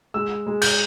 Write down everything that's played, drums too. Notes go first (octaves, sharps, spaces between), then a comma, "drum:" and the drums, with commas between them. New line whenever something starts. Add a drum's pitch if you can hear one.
G#3 E6
G#3
G6, drum: cymbal